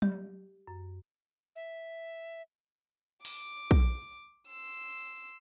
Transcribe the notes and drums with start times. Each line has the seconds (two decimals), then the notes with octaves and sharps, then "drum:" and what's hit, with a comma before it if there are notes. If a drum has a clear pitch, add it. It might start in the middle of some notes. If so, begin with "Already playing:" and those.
0.02 G4, drum: tom F#3
0.67 F#2
1.56 E5
3.25 D6, drum: open hi-hat
3.71 drum: kick
4.48 C6 E6